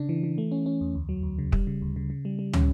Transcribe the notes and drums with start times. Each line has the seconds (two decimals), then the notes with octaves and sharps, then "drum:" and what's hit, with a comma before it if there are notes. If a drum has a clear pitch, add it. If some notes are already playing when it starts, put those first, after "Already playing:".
Already playing: C#3 D4
0.09 E3
0.23 E3
0.38 A3
0.51 C#4
0.66 C#4
0.81 E2
0.95 D2
1.09 F#3
1.23 D2
1.39 C#3
1.52 G3, drum: kick
1.67 C#3
1.82 D2
1.96 C#3
2.10 C#3
2.25 G3
2.39 G3
2.53 C#4, drum: tom